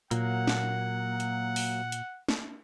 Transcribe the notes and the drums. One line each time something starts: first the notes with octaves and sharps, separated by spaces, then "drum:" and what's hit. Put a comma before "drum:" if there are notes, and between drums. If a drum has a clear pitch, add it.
A#2 F#3 A#3 F#5, drum: hi-hat
drum: snare
drum: hi-hat
drum: open hi-hat
drum: hi-hat
drum: snare